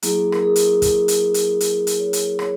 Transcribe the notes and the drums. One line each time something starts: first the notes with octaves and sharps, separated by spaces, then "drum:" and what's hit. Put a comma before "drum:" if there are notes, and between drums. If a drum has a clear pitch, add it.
F#3 A#3 E4 G#4, drum: hi-hat
A#4, drum: rim click
G#4
drum: hi-hat
drum: kick, hi-hat
drum: hi-hat
drum: hi-hat
drum: hi-hat
drum: hi-hat
C#5
drum: hi-hat
C#5, drum: rim click